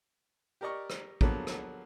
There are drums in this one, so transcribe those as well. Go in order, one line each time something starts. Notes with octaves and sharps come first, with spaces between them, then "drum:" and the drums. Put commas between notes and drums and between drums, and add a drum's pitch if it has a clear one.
G4 A#4 D5 D#5 C#6
drum: rim click
D3 F3 F#3 G#3 A#3 B3, drum: kick
drum: rim click